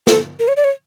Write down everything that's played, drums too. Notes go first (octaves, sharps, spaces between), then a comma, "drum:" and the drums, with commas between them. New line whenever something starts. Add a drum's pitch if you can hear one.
A4, drum: snare
A#4
C#5
D5
C#5